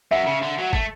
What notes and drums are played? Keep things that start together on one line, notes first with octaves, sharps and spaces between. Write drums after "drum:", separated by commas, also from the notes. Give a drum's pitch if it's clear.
F#2 E5
C#3
D3
F#3
A3, drum: kick